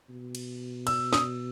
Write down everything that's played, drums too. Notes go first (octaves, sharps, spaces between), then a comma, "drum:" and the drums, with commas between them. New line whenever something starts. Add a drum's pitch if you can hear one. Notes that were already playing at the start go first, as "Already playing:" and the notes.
B2
drum: cymbal
E6, drum: cymbal
D#6, drum: snare